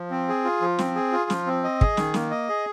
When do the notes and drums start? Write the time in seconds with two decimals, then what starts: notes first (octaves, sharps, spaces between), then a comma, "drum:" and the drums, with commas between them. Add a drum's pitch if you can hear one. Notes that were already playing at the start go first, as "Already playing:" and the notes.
Already playing: F3
0.11 C4
0.28 G#4
0.45 F4
0.61 F3
0.79 C4, drum: snare
0.96 G#4
1.12 F4
1.30 F3, drum: snare
1.46 C4
1.64 D#5
1.81 G#4, drum: kick
1.97 D#3, drum: snare
2.14 A#3, drum: snare
2.31 D#5
2.49 G#4